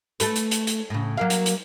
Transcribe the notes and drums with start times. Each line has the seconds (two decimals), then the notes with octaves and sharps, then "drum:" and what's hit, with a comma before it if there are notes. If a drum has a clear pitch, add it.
0.20 A3 A4 B4, drum: hi-hat
0.36 drum: hi-hat
0.51 drum: hi-hat
0.67 drum: hi-hat
0.90 A2 C#3
1.17 F#3 A#3 F5
1.30 drum: hi-hat
1.46 drum: hi-hat